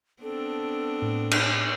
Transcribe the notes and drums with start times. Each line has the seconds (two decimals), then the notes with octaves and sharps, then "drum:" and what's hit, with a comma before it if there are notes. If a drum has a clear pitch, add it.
0.22 B3 C4 D4 A4
1.02 A2
1.31 drum: cymbal